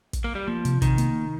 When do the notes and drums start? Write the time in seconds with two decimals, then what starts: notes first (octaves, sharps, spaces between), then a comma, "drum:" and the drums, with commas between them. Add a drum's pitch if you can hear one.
0.13 drum: kick, hi-hat
0.24 A#3
0.35 G3
0.47 F3 A#3
0.65 C3, drum: hi-hat
0.82 C3 D#3, drum: kick, hi-hat
0.98 A#3, drum: hi-hat